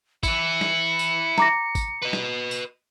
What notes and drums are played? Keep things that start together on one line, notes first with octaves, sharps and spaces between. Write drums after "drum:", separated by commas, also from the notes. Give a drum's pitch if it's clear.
E3 E4 C#7, drum: kick A1, tambourine
drum: snare
drum: tambourine
A#5 D6 A#6, drum: snare
drum: kick A1, tambourine
B4 D#5
drum: snare
drum: tambourine